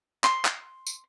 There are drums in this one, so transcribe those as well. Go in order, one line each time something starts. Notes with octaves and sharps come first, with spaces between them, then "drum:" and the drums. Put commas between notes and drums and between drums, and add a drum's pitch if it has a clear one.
C6, drum: clap
drum: clap
drum: tambourine